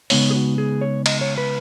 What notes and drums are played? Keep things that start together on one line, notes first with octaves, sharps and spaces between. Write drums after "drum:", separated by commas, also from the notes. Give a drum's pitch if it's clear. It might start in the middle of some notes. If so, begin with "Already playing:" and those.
C#3 G#3 B3 D#4 C#5, drum: open hi-hat
G#4
F#4
G#4
C#5
D#5, drum: cymbal
C#5
B4